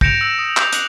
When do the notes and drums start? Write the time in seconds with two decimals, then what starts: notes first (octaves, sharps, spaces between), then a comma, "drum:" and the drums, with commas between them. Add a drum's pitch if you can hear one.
0.01 G6 A#6 C#7 D7 E7 F7, drum: kick
0.21 E6 E7
0.39 D#6
0.57 D6 G6 C7 F7, drum: clap
0.73 F#6 F7 F#7, drum: hi-hat